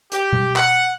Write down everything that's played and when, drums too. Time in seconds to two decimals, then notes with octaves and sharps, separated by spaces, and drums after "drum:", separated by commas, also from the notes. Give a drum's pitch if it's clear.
0.12 G4, drum: hi-hat
0.33 drum: tom B2
0.56 F#5, drum: clap